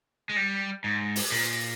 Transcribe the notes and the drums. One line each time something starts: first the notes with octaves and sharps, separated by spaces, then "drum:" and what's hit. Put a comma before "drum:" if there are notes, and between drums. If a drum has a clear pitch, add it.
G#3
G3
G#2
drum: open hi-hat
A#2